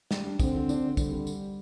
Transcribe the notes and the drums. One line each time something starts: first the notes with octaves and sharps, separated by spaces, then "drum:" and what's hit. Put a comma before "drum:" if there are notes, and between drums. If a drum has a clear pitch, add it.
G3 D4, drum: snare
G3
D3 C4, drum: kick, tambourine
D3
D4, drum: tambourine
D3
D3 G3, drum: kick, tambourine
D3
drum: tambourine